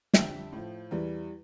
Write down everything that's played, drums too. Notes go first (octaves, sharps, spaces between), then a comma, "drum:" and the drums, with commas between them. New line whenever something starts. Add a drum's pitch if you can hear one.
F2 D3 G3 E5 G5, drum: snare
A2 F3
E2 E3 G3